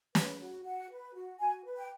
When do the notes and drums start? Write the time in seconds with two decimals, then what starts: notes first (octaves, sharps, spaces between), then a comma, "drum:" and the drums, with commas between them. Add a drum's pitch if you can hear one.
0.15 B4, drum: snare
0.40 F#4
0.65 F#4 F#5
0.89 B4
1.15 F#4
1.39 F#4 G#5
1.65 B4
1.77 G5